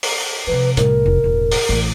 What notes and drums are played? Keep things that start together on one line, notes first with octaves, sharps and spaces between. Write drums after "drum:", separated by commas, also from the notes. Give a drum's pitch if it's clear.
drum: open hi-hat
C3 F3 B4
C2 A2 A#4, drum: hi-hat
F1
E1 A1
drum: open hi-hat
A1 A2